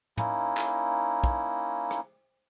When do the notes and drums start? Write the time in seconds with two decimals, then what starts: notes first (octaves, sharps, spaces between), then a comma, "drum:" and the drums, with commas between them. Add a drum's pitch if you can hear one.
0.18 A#3 C#4 D#4 E4, drum: tom
0.57 drum: clap
1.24 drum: kick
1.91 drum: rim click